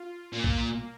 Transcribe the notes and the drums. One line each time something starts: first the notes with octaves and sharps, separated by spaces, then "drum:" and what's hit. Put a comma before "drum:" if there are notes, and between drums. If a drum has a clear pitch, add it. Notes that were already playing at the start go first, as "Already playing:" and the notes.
Already playing: F4
A#2 A#3
drum: kick